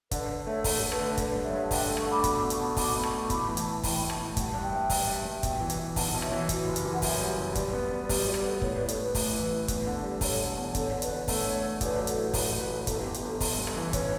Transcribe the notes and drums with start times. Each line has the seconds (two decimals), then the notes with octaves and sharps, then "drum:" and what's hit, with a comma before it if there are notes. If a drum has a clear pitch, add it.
0.11 D3 B4 D5, drum: kick, hi-hat
0.29 D3
0.46 A3 C#5 E5
0.64 A3 A4 C#5, drum: kick, open hi-hat
0.77 G4
0.82 A3 A4
0.92 B4, drum: rim click
1.00 D3
1.18 D3 B4 D5, drum: kick, hi-hat
1.35 G2
1.44 C#5 E5
1.53 G2
1.71 D3 E5 G5, drum: kick, open hi-hat
1.89 A3
1.97 A5 C#6, drum: rim click
2.06 D3 B5 D6
2.24 B2 B5 D6, drum: kick, hi-hat
2.42 B2
2.50 A5 C#6, drum: hi-hat
2.59 B2
2.77 B1 B5 D6, drum: kick, open hi-hat
2.95 A3
3.03 A5 C#6, drum: rim click
3.13 B1
3.30 A2 B5 D6, drum: kick, hi-hat
3.48 E3
3.57 A5 C#6, drum: hi-hat
3.66 A2
3.83 E3 G5 B5, drum: kick, open hi-hat
4.02 A2
4.10 A5 C#6, drum: rim click
4.19 A2
4.37 G2 F#5 A5, drum: kick, hi-hat
4.54 G2
4.63 E5 G5
4.72 G2
4.90 G2, drum: kick, open hi-hat
5.08 G2
5.25 G2
5.43 B1, drum: kick, hi-hat
5.60 E3
5.70 drum: hi-hat
5.79 E3
5.96 B1 F#5 A5, drum: kick, open hi-hat
6.14 B1
6.22 C#5 E5, drum: rim click
6.32 E3
6.49 E3 F#4, drum: kick, hi-hat
6.67 F#1
6.76 G4, drum: hi-hat
6.85 E3
6.94 F#5
7.02 F#2 C#5 E5, drum: kick, open hi-hat
7.20 G3
7.38 F#1
7.55 G3 B4 D5, drum: kick, hi-hat
7.73 B3
7.91 B3
8.09 G3, drum: kick, open hi-hat
8.24 G3 F#4
8.34 G4, drum: rim click
8.43 B3 A4
8.53 B4
8.62 A2 A4 C#5, drum: kick
8.75 A2 B4 D5
8.88 A4 C#5, drum: hi-hat
8.98 A2 B4
9.15 A1, drum: kick, open hi-hat
9.33 E3
9.51 A2
9.68 E2, drum: kick, hi-hat
9.86 D3
10.03 G3
10.21 G3 A4 C#5, drum: kick, open hi-hat
10.39 E1
10.57 E2
10.75 D3 A4 C#5, drum: kick, hi-hat
10.92 D3
11.02 B4 D5, drum: hi-hat
11.10 E2
11.28 A3 A4 C#5, drum: kick, open hi-hat
11.46 D3
11.63 A3
11.81 A1 B4 D5, drum: kick, hi-hat
11.98 F#3
12.07 A4 C#5, drum: hi-hat
12.17 A2
12.34 A1 B4, drum: kick, open hi-hat
12.44 A4
12.52 A1 B4
12.70 A1
12.83 B4
12.87 G1 A4, drum: kick, hi-hat
13.01 G1 G4
13.14 G4, drum: hi-hat
13.23 G1 A4
13.41 G1 A4, drum: kick, open hi-hat
13.58 G2
13.67 drum: rim click
13.76 E3
13.93 C#4 B4, drum: kick, hi-hat